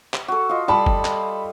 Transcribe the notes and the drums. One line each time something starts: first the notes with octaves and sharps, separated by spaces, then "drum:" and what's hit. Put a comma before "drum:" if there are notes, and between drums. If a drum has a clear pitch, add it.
drum: clap
F#4 A4
F4 D#5
G3 A5 B5
drum: kick
drum: clap